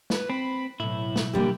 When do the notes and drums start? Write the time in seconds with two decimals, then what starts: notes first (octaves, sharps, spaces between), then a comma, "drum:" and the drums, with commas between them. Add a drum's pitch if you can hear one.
0.10 B4, drum: snare
0.30 C4 B5
0.80 B1 A2 E4
1.16 drum: snare
1.34 D3 G3 A#3 G4